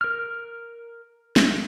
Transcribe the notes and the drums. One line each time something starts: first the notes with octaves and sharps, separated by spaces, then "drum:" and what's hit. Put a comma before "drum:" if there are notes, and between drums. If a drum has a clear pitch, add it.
A#4 F6
drum: snare